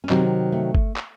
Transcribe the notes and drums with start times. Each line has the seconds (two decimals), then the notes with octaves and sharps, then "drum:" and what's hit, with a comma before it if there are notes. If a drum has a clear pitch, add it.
0.04 C#4
0.09 C3 D#3 F#3 C4, drum: clap
0.52 A3
0.75 drum: kick G1
0.96 drum: clap